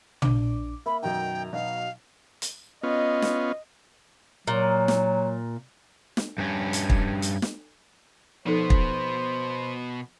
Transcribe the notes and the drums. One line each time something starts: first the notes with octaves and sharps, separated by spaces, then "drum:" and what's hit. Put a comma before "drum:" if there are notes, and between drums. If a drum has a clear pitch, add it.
A#1 D4 D6, drum: tom
A#3 E5 B5
F#2 B2 D#3 G5 A#5
B2 F#3 D#4 F5
drum: hi-hat
B3 C#4 F4 D#5
drum: snare
A#2 F#3
drum: snare
drum: snare
G2 C#4
drum: hi-hat
drum: kick
drum: hi-hat
drum: snare
B2 F3 B3 D#4 A4 C5
drum: kick